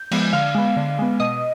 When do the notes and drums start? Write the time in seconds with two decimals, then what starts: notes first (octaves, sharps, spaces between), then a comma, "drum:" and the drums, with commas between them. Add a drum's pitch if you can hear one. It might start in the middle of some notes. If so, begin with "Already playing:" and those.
Already playing: G6
0.11 F3 G#3 B3, drum: cymbal
0.33 D3 F5 F6
0.55 G#3 B3
0.77 D3
0.99 G#3 B3
1.20 B2 D#5 D#6